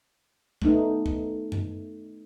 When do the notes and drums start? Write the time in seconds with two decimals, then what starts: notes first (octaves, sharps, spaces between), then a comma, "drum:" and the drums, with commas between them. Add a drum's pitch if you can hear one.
0.62 A3 B3 D#4, drum: kick
1.06 drum: kick
1.52 drum: tom F#2